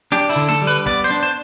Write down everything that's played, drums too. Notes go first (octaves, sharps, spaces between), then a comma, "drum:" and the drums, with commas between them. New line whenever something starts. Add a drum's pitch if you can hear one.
D4 G4
E4, drum: open hi-hat
D3
A4, drum: snare
G3
B4, drum: hi-hat
B3 D5, drum: kick
C5, drum: hi-hat
D4
C5